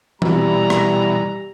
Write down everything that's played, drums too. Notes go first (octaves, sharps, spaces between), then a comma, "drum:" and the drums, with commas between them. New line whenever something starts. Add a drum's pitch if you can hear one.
B2 E3 G3 A#5, drum: tom E3
drum: rim click